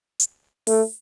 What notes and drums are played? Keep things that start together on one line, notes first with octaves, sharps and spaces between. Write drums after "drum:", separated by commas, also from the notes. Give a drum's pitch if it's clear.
drum: hi-hat
A3, drum: open hi-hat